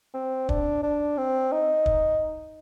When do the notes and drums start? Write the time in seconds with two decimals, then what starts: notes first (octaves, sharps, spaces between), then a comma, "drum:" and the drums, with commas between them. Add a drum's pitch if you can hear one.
0.14 C4
0.49 D4, drum: kick
0.83 D4
1.18 C4
1.52 D#4
1.86 drum: kick